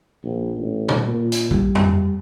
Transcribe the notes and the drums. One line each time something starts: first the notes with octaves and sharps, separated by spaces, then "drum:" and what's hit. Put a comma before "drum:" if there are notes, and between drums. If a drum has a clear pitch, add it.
A#1
A1
drum: tom A#2
A#2
drum: hi-hat
G3, drum: kick A#1
drum: tom F2